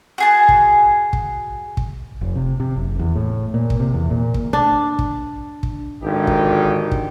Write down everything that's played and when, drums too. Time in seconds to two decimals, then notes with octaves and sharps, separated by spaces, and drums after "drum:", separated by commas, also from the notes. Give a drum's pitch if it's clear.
0.18 F#4 G#4 A5
0.49 drum: kick
1.13 drum: kick
1.77 drum: kick
2.21 F1
2.36 C3
2.60 C3
2.76 F#1
2.99 E2
3.15 A2
3.54 A#2
3.70 drum: kick
3.80 C3
3.94 E2
4.10 A#2
4.34 drum: kick
4.53 D4
4.99 drum: kick
5.63 drum: kick
6.03 G#1 D3 D#3 D#4 G4
6.27 drum: kick
6.91 drum: kick